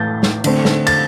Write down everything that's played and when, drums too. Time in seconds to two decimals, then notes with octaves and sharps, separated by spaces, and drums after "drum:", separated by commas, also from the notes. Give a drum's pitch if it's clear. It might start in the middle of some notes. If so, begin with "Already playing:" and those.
Already playing: A2 E3 A3 G6 A6
0.23 drum: snare
0.44 D3 A3 C4, drum: cymbal
0.65 drum: snare
0.87 A6, drum: cymbal